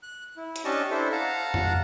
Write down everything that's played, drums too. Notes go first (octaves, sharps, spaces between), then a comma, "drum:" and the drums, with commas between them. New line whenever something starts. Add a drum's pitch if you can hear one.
F#6
E4
drum: hi-hat
C#4 D4 G4 D#5 A5 C#6
D4 E4 A4 C5 E5
F5 F#5 A5 A#5
drum: tom F2